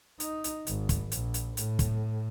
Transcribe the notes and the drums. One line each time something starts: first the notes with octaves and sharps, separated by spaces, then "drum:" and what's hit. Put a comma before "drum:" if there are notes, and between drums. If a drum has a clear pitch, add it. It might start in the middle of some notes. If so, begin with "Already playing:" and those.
D#4, drum: hi-hat
drum: hi-hat
G#1, drum: hi-hat
drum: kick, hi-hat
A#1, drum: hi-hat
drum: hi-hat
A2, drum: hi-hat
drum: kick, hi-hat